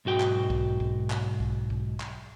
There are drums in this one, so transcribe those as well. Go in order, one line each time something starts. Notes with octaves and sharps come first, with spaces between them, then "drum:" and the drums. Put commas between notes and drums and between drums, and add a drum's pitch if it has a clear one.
B1 G#2 F#4 G5
drum: clap
drum: kick B1
drum: kick B1
drum: clap
drum: kick B1
drum: kick B1
drum: clap